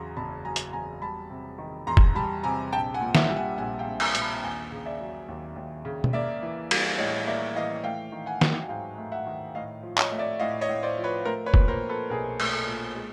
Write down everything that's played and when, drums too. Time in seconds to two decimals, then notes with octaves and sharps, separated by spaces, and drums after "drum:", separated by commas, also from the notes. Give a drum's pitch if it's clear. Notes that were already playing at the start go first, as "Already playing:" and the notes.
Already playing: E2 C#3 F#3 A#5 C6
0.17 F#1 A5 B5
0.45 F#3 G#5 A#5
0.56 drum: hi-hat
0.73 E2 G#5 A#5
1.02 G3 A5 B5
1.30 C3
1.58 D#3
1.87 E2 A#5 C6
1.97 drum: kick
2.15 G3 A5 B5
2.43 C3 G#5 A#5
2.72 A#1 G5 A5
2.94 F#5 G#5
3.01 A#2
3.15 E5 F#5, drum: snare
3.29 G3
3.36 F#5 G#5
3.58 A#1 F#5 G#5
3.79 F5 G5
3.86 A#1
4.00 G#5 A#5, drum: cymbal
4.15 A#2, drum: hi-hat
4.22 A5 B5
4.44 D#2 G#5 A#5
4.71 C#3
4.85 D5 E5
5.01 F#3
5.28 D#2
5.56 D#2
5.85 C#3
6.04 drum: tom B2
6.13 A#3 D5 E5
6.43 E3
6.71 G3, drum: cymbal
6.98 A2 C#5 D#5
7.27 A#3 D5 E5
7.56 E3 D#5 F5
7.84 A3 F5 G5
8.12 D#3
8.26 F#5 G#5
8.41 F#3, drum: snare
8.69 G#2 F5 G5
8.98 A3
9.12 E5 F#5
9.26 D#3
9.55 A2 D#5 F5
9.83 F3
9.98 C#5 D#5, drum: clap
10.11 A3
10.18 D5 E5
10.39 A2 D#5 F5
10.61 C#5 D#5
10.68 A2
10.83 C5 D5
10.97 F3
11.04 B4 C#5
11.25 A3 A#4 C5
11.46 B4 C#5
11.54 A#2, drum: kick
11.68 A#4 C5
11.83 F3
11.89 A4 B4
12.10 B1 G#4 A#4
12.40 A3, drum: cymbal
12.53 A4
12.67 A#2
12.95 G#3